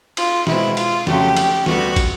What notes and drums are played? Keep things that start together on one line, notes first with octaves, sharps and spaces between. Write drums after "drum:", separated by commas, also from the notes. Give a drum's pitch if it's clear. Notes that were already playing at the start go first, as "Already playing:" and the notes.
F4, drum: cymbal
B2 G#3 C4 E4, drum: snare
F4, drum: cymbal
F2 C#3 F#3 A3 G4, drum: snare
drum: cymbal
D2 D3 G3 B3 F#4, drum: snare
drum: kick, cymbal